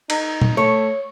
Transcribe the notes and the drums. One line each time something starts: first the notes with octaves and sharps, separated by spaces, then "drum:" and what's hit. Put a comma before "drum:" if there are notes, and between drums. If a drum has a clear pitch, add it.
D#4, drum: cymbal
drum: tom A#2
A3 C#5